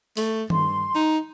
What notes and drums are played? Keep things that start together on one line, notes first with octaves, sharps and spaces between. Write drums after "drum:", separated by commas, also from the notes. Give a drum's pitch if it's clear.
A3, drum: open hi-hat
G2 C6, drum: tom D#3
D#4